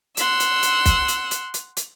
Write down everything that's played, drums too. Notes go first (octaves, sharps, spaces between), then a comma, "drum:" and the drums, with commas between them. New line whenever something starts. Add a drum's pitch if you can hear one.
F#5 C6 E6, drum: hi-hat
drum: hi-hat
drum: hi-hat
drum: kick, hi-hat
drum: hi-hat
drum: hi-hat
drum: hi-hat
drum: hi-hat